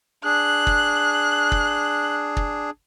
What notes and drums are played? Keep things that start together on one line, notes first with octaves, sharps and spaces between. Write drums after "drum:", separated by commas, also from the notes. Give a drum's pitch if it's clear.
D4 G#4 F#6
drum: kick
drum: kick
drum: kick